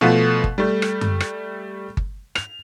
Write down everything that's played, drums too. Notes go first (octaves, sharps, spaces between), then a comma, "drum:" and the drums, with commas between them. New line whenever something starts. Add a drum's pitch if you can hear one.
B2 F3 A3 B3
drum: kick G1
G3 A3
drum: rim click
drum: tom F#2
drum: rim click
drum: kick G1
F7, drum: rim click